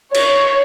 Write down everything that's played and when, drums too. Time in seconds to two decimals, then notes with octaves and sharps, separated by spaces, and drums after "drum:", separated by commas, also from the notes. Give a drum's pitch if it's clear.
0.14 C#5, drum: cymbal